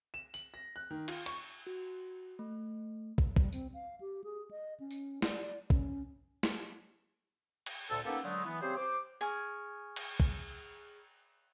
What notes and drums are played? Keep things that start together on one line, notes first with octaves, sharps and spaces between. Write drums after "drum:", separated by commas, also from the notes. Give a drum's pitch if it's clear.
E7
F#7, drum: tambourine
A#6
F#6
D#3
F4, drum: cymbal
C#6, drum: hi-hat
F#4
A3
drum: kick
G3, drum: kick
C4, drum: tambourine
F5
G4
G#4
D#5
C#4
drum: tambourine
D5, drum: snare
C#4, drum: kick
drum: snare
drum: cymbal
D2 A#2 A4
A#3 B3 C#4 D#4 G4 A4
D3 F#3 G#3 A3
E3 B3
C#3 G3 C4 G4 G#4 C5
C5 D6
G#4 G#5 C#6 F6
drum: cymbal
drum: kick